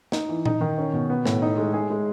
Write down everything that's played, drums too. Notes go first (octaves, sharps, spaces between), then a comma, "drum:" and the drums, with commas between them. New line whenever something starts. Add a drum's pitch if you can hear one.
D#4, drum: snare
E3
D#4, drum: tom A#2
D#3
C#4
B2
B3
A2, drum: snare
D#4
G#3
G#4
G#3